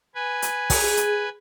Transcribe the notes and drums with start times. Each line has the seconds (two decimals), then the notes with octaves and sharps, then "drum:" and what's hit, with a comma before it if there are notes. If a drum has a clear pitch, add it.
0.15 B4 G#5
0.42 drum: hi-hat
0.70 drum: kick, open hi-hat
0.81 G#4
0.97 drum: hi-hat